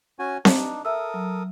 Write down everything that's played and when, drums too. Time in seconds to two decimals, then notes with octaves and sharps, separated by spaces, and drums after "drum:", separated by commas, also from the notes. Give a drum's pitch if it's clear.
0.19 C#4 F#4 G#5
0.45 D4 D#4, drum: snare C4
0.85 A4 A#4 E5 D#6 E6
1.14 F#3